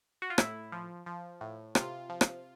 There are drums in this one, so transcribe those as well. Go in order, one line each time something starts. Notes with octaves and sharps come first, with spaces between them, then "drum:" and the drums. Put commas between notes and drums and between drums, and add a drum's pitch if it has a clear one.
F#4
F4
A2 E4, drum: rim click
F3
F3
A2
C3 F4, drum: rim click
F3
drum: rim click